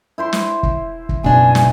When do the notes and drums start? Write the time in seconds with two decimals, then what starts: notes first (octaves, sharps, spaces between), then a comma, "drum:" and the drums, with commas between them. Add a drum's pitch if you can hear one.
0.18 E4 C5 C6
0.33 drum: snare
0.63 drum: kick
1.09 drum: kick
1.24 F#1 B2 D4 G#5
1.55 drum: snare